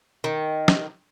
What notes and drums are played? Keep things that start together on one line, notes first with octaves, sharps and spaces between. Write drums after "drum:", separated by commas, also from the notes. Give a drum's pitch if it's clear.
D#3
drum: snare